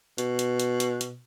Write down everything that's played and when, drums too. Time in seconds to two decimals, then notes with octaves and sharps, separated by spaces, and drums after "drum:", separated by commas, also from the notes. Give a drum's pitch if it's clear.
0.18 B2, drum: hi-hat
0.39 drum: hi-hat
0.60 drum: hi-hat
0.80 drum: hi-hat
1.01 drum: hi-hat